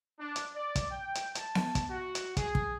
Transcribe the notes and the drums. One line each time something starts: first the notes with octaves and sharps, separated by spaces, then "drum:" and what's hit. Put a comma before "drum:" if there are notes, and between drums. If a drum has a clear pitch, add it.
D4
drum: hi-hat
D5
drum: kick, hi-hat
G5
drum: hi-hat
A5, drum: hi-hat
drum: snare B3
drum: kick, hi-hat
F#4
drum: hi-hat
G#4, drum: kick, hi-hat
drum: kick